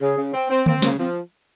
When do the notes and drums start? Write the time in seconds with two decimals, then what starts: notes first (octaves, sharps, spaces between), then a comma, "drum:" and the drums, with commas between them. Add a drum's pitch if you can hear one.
0.01 C#3 G#4
0.18 C#3
0.34 C4
0.50 C4
0.66 A#3 C4, drum: tom D3
0.82 C#3 A#3, drum: snare
0.99 F3 C4